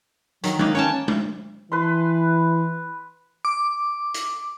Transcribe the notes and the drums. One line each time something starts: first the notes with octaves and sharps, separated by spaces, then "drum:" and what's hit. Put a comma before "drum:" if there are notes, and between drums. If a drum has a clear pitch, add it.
D#3 F#3, drum: hi-hat
A#3 D#4 B4, drum: tom G#3
C#4 C#5 G5 A5
drum: tom G#3
E3 B4 C6
D6
drum: hi-hat